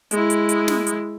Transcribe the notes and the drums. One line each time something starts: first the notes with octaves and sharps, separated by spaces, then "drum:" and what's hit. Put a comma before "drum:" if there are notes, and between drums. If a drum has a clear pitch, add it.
G#3 E4, drum: hi-hat
drum: hi-hat
drum: hi-hat
drum: snare
drum: hi-hat